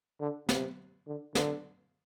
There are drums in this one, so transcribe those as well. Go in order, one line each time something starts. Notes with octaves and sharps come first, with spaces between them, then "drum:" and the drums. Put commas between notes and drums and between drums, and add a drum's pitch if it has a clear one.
D3
C3, drum: snare
D3
D3, drum: snare